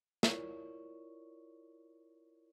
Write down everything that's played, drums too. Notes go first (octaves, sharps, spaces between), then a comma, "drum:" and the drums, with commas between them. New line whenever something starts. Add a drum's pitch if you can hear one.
E4 F4 A#4 C#5 D5 C#6, drum: snare